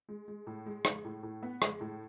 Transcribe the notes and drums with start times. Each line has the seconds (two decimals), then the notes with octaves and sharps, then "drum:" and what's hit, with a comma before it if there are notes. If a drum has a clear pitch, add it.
0.08 G#3
0.28 G#3
0.47 A2
0.66 G#3
0.85 G#3, drum: rim click
1.05 A2
1.23 A2
1.43 B3
1.62 G#3, drum: rim click
1.81 A2